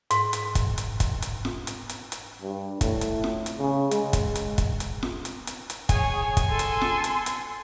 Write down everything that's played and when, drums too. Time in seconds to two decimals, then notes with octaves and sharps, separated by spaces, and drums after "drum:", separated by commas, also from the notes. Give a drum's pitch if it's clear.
0.11 G#2, drum: hi-hat
0.33 drum: hi-hat
0.55 drum: kick, hi-hat
0.78 drum: hi-hat
1.00 drum: kick, hi-hat
1.22 drum: hi-hat
1.45 drum: snare
1.67 drum: hi-hat
1.89 drum: hi-hat
2.12 drum: hi-hat
2.42 G2
2.81 A2, drum: kick, hi-hat
3.01 drum: hi-hat
3.24 drum: snare
3.46 drum: hi-hat
3.59 C#3
3.91 G#3, drum: hi-hat
4.13 drum: kick, hi-hat
4.35 drum: hi-hat
4.58 drum: kick, hi-hat
4.80 drum: hi-hat
5.03 drum: snare
5.25 drum: hi-hat
5.47 drum: hi-hat
5.70 drum: hi-hat
5.89 G#4 C#5 G#5, drum: kick, hi-hat
6.37 drum: kick, hi-hat
6.50 A4 C6
6.59 drum: hi-hat
6.81 drum: snare
7.04 drum: hi-hat
7.26 drum: hi-hat